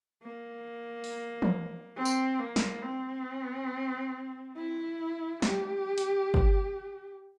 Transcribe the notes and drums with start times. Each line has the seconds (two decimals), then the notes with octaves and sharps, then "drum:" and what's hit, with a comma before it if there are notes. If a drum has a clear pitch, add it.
0.23 A#3
1.04 drum: open hi-hat
1.42 drum: tom E3
1.96 C4
2.05 drum: tambourine
2.40 A#3
2.56 drum: snare
2.83 C4
4.56 E4
5.42 G4, drum: snare
5.98 drum: hi-hat
6.34 drum: kick